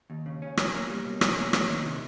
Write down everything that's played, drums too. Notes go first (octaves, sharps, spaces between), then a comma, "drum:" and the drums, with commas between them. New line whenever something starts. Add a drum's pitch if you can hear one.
D#2
C#3
C#4
C#4, drum: rim click
A#3
G3
B2
C#4, drum: rim click
A#3
A#3, drum: rim click
D#3
C3